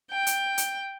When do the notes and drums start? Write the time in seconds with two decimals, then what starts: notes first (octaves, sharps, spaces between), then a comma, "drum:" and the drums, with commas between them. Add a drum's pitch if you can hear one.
0.11 G5
0.27 drum: hi-hat
0.58 drum: hi-hat